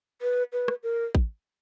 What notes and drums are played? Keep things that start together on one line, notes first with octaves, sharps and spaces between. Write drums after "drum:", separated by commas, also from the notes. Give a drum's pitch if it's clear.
B4
B4
drum: rim click
A#4
drum: kick